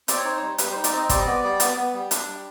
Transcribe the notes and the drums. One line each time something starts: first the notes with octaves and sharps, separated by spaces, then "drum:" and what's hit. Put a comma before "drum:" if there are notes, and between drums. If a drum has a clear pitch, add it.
C4 D5, drum: hi-hat
C#5
D#4 C5
C#5
G3
G3 B4, drum: hi-hat
C5
D#4
D5, drum: hi-hat
C4 D#5
G3 D5, drum: kick, hi-hat
D#5
B3 D5
G3
B3, drum: hi-hat
B3
G3
D4, drum: hi-hat
G3